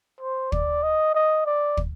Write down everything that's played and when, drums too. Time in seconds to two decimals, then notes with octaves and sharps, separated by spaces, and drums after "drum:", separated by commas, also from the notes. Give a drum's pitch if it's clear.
0.20 C5
0.52 D5, drum: kick
0.83 D#5
1.15 D#5
1.46 D5
1.77 drum: kick